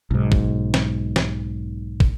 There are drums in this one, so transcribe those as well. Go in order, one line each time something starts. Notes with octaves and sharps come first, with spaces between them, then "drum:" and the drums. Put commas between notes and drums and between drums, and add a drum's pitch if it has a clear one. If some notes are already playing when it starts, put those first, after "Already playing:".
B1 G#2
drum: kick
drum: snare
drum: snare
drum: kick